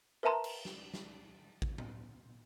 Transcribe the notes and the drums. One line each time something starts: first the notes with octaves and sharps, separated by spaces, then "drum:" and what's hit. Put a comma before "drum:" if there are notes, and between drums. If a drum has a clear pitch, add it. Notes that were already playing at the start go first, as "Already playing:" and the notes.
A#4 B4 E5 A5 A#5 C6
drum: cymbal
drum: snare
drum: snare
drum: kick
drum: tom A2